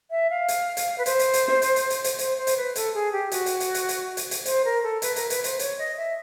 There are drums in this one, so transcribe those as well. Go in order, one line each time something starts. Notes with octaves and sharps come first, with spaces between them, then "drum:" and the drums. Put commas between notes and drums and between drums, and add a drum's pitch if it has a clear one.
E5
F5
drum: hi-hat
drum: hi-hat
B4
C5, drum: hi-hat
drum: hi-hat
drum: hi-hat
drum: snare
drum: hi-hat
drum: hi-hat
drum: hi-hat
drum: hi-hat
C5, drum: hi-hat
C5
drum: hi-hat
B4
A4, drum: hi-hat
G#4
G4
F#4, drum: hi-hat
drum: hi-hat
drum: hi-hat
drum: hi-hat
drum: hi-hat
drum: hi-hat
drum: hi-hat
C5, drum: hi-hat
A#4
A4
B4, drum: hi-hat
A#4, drum: hi-hat
B4, drum: hi-hat
C5, drum: hi-hat
C#5, drum: hi-hat
D#5
E5